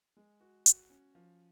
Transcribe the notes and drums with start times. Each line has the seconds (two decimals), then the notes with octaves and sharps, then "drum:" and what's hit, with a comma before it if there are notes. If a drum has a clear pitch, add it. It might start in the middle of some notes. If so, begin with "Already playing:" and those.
0.17 G#3
0.40 F#4
0.66 F#4, drum: hi-hat
0.90 C#4
1.15 F3